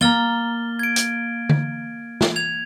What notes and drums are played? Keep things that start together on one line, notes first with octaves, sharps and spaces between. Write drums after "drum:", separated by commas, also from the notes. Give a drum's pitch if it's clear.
A#3 A#5 F6 A6 G7
G#6 D7
drum: hi-hat
drum: tom D3
drum: snare
G#6 F7